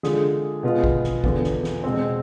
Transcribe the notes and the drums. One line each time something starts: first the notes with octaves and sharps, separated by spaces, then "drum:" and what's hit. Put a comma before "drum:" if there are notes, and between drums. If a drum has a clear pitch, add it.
D3 G#3 D4 F4 G#4, drum: snare
B2 G#3 B3 F4 G#4
drum: kick
drum: snare
E2 D3 F3 B3, drum: kick
drum: snare
drum: snare
B2 G#3 C4